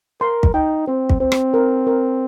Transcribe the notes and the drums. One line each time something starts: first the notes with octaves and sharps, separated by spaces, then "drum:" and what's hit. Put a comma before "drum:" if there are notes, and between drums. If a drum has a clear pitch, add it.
A#4 C6
drum: kick
D#4 G5
C4 C5
drum: kick
C4 C5
drum: rim click
A#4
A#4